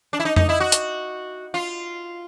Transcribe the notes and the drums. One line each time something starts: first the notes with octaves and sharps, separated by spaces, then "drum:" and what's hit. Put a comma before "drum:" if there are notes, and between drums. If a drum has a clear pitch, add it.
D4
E4
D#4
D#4, drum: tom F2
E4
F#4
drum: hi-hat
F4